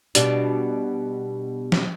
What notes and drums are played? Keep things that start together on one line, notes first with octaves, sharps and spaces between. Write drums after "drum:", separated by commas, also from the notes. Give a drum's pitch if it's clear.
B2 G3 D4, drum: hi-hat
drum: snare